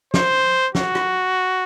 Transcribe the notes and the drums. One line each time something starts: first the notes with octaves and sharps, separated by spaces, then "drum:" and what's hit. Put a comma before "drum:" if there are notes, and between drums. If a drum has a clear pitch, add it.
C5, drum: snare
F#4, drum: snare
drum: rim click